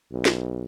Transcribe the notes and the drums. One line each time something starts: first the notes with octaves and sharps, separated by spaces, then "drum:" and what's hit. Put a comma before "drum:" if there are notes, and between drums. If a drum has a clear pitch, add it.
B1
drum: snare